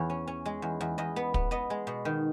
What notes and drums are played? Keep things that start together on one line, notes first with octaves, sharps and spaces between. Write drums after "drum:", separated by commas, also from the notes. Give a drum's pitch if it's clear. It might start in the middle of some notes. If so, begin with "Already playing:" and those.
Already playing: E2 C#5
C#4
C#4
G#3
E2
E2
E2 D#5
B3
B3, drum: kick
B3 D#5
G#3
B2
D#3